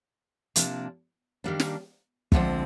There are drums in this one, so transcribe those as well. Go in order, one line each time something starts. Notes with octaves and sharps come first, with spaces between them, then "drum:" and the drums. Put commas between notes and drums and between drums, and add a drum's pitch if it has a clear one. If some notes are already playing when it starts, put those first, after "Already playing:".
C3 F3 A#3 D4, drum: hi-hat
D#3 G3 A#3 D4
drum: snare
D2 D3 F3 G#3 C4, drum: kick